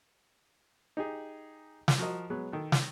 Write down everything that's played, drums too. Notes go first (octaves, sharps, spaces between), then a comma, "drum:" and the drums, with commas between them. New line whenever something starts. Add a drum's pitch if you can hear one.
D#4 G4 G#4
drum: snare
F3 F#4 A#4 D#5
F#3 G#3 B3
D#3 A4
drum: snare